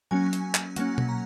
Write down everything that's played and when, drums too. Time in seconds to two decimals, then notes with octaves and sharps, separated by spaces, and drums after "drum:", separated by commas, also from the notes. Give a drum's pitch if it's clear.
0.11 F#3 A#3 C#4 G#5
0.33 drum: hi-hat
0.55 drum: clap
0.76 F#3 A#3 C#4 F#5, drum: hi-hat
0.98 drum: tom B2
1.09 A#5